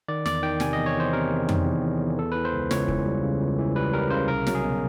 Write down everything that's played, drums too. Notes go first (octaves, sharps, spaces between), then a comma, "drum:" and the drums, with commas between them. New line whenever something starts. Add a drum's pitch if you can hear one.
D#3 D5
E2 D5, drum: snare
D#3 G5
C3 G#5, drum: snare
E2 D#5
C#5
E2 C5
C3 A#4
E2
D#3, drum: tom F2
E2
E2
E2
E3 A4
E3 B4
C5
C#2
C#2 C#5, drum: snare
E3, drum: kick
G3
C#3
C#2
E3
G3 B4
G3 A#4
C#3 C5
C2 A#4
F#3, drum: snare
G#4
B2